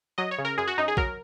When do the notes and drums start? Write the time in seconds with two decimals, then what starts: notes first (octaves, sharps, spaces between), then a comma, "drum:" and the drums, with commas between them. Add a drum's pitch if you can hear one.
0.18 F#3 D#5
0.31 C#5
0.39 C#3
0.45 A#4
0.58 F#2 G#4
0.67 F#4
0.77 F#2 D#4
0.88 G#4
0.97 F#3 A#4, drum: kick A#1